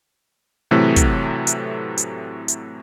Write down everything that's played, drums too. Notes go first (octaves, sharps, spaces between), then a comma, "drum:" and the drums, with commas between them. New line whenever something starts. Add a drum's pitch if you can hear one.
A2 C3 E3 F#3 A3
drum: kick, hi-hat
drum: hi-hat
drum: hi-hat
drum: hi-hat